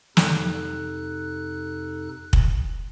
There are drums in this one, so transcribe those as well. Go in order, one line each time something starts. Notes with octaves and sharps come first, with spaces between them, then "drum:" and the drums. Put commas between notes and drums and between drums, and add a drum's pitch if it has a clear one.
F2 C3 D#4 A4 F#6, drum: snare
drum: kick